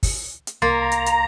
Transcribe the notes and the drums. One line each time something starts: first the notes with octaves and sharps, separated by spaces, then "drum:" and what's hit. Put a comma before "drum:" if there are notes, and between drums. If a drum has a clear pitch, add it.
drum: kick, open hi-hat
drum: hi-hat
C2 A#3 A#5 C6 A6
drum: hi-hat
drum: hi-hat